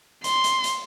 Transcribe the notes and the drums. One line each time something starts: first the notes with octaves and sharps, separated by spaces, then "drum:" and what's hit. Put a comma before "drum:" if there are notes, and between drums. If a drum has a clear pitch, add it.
C6, drum: hi-hat
drum: hi-hat
drum: hi-hat